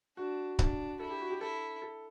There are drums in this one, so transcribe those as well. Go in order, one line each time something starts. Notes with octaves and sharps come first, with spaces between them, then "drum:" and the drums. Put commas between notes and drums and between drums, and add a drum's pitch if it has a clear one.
D4 F#4
D4, drum: kick C#1
E4 A4
G4
F#4
G4
E4 A4
A4